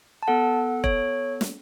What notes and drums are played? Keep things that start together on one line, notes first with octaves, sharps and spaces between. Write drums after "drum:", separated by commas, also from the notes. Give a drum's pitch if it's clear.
A5
B3 A4 F#5
C#5, drum: kick F1
drum: snare